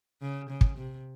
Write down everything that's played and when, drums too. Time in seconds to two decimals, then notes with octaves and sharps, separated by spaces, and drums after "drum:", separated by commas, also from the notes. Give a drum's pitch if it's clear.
0.21 C#3
0.50 C#3
0.61 drum: kick
0.78 C3